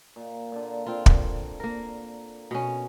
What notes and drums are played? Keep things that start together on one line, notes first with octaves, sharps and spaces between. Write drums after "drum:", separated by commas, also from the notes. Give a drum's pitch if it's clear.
A#2
A#2 D3
C4 F4
drum: kick
A#3 A#4
B2 C#4